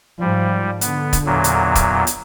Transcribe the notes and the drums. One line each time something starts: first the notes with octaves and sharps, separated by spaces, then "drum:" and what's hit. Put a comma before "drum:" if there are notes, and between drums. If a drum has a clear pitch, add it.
G#2 F3 G3
D3 B3, drum: hi-hat
drum: kick, hi-hat
E2 A#2 F#3
drum: hi-hat
drum: kick, hi-hat
drum: hi-hat